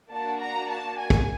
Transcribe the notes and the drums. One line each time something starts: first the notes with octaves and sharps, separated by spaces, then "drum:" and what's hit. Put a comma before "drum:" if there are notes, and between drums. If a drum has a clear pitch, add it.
A#3 D4 F#4 A5
A#5
A5
G#5
drum: kick